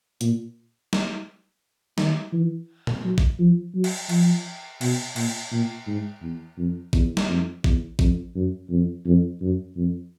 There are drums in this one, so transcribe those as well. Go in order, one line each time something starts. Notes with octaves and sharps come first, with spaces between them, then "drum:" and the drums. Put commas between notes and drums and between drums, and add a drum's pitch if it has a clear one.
A#2, drum: hi-hat
drum: snare
D#3, drum: snare
E3
drum: tom A#2
F#3
drum: kick A1
F3
F#3
drum: cymbal
F3, drum: cymbal
B2, drum: cymbal
A#2, drum: cymbal
A#2
G#2
E2
F2
E2, drum: kick A1
drum: snare
F2
E2, drum: kick A1
F2, drum: kick A1
F#2
F2
F2
F#2
F2